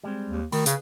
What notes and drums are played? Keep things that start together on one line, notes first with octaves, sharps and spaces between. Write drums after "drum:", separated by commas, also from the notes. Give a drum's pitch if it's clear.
G3 G#3 C4
D#2
D#3 A3 F#4 B5, drum: open hi-hat
C#3 G#4 B4, drum: hi-hat